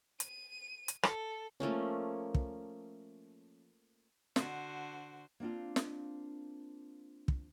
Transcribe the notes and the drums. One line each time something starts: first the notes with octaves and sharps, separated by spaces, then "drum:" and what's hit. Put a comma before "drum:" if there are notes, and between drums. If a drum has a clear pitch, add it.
D#7, drum: hi-hat
drum: hi-hat
A4, drum: rim click
F3 A3 A#3 C#4
drum: kick
D3 F#4 C5, drum: snare
A#3 C4 D4 F4
drum: snare
drum: kick